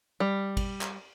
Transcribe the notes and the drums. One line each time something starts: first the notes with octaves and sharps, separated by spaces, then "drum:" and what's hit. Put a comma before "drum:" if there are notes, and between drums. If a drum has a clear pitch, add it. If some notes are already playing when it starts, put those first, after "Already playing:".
G3
drum: kick G#1, cymbal
drum: clap